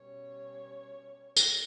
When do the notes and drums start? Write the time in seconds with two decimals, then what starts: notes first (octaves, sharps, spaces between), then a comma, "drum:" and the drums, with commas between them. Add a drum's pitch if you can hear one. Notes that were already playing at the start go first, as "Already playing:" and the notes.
Already playing: B2 G3 C#4 C#5
1.37 drum: tambourine